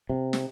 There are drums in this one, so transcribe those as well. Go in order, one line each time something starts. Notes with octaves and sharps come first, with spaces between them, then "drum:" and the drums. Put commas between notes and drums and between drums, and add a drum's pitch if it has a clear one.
C3
drum: snare